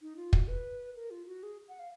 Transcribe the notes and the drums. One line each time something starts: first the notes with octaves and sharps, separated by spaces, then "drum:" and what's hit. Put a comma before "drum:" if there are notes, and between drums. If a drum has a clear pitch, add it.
D#4
F4
F#4, drum: kick
B4
A#4
F4
F#4
G#4
F#5
F5